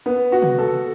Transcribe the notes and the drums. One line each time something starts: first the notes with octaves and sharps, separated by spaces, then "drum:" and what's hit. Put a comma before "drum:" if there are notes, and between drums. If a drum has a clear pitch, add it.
B3
F#4
drum: tom C3
A4